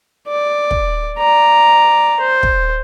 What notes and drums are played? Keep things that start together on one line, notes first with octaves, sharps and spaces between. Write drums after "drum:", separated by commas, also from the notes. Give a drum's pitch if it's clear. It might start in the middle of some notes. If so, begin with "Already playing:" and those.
D5
drum: kick
D5 A#5
C5
drum: kick